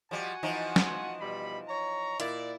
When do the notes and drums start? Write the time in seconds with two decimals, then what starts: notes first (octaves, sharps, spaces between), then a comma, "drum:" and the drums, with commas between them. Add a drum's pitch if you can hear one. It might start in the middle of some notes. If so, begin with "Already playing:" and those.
0.11 F3 G3 F#4 F#5 G#5
0.43 E3 F3 D#4
0.76 drum: snare
1.21 B2 G3 B5
1.68 C#5 A#5
2.20 A#2 E4 D5, drum: hi-hat